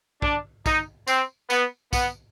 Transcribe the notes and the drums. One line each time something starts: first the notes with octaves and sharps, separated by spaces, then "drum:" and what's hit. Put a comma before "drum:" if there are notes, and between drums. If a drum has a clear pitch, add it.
D4, drum: kick
D#4, drum: kick, tambourine
C4, drum: tambourine
B3, drum: tambourine
B3, drum: kick, tambourine